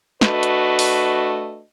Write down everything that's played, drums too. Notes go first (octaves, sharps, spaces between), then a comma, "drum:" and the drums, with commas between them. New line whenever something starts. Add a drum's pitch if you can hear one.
A3 D4 F#4 B4 D#5, drum: snare
drum: hi-hat
drum: open hi-hat